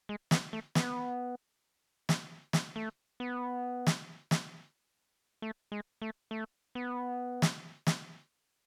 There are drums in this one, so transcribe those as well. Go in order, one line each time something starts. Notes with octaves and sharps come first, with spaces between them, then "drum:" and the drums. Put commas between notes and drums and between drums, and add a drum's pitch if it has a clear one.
G#3
B3, drum: snare
A3
B3, drum: snare
drum: snare
drum: snare
A3
B3
drum: snare
drum: snare
A3
G#3
A3
A3
B3
drum: snare
drum: snare